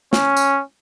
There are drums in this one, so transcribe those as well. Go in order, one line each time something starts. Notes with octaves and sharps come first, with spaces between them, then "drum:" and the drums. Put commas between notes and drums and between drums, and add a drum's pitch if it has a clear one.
C#4, drum: snare
drum: tambourine